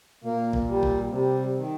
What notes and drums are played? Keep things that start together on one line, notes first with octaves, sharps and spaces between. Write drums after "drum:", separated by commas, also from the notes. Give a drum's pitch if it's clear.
A#2 A#3
drum: kick A1
G3
drum: kick A1
C3 G3
D#3